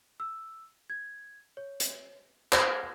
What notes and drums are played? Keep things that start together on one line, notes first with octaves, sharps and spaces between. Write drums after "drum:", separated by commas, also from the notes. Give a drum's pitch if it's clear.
E6
G#6
C#5
drum: hi-hat
C5 G#6 A#6, drum: clap